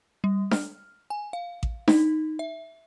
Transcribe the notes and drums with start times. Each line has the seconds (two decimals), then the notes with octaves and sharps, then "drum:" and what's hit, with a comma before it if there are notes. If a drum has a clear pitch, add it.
0.24 G3
0.51 F6, drum: snare D4
1.10 G#5
1.33 F5
1.63 drum: kick A1
1.88 D#4, drum: snare D4
2.39 E5